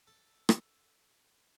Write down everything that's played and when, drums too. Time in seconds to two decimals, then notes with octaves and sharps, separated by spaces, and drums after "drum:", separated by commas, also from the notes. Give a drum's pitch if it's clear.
0.07 A4
0.49 drum: rim click